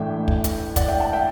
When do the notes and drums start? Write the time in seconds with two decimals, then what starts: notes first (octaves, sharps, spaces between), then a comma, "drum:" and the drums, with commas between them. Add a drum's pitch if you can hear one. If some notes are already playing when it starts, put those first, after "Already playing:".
Already playing: A1 A2 E3 A3 D4 E5 G5
0.28 drum: kick
0.44 drum: hi-hat
0.76 D5 F#5, drum: kick, hi-hat
0.88 E5 G5
1.00 F#5 A5
1.13 E5 G5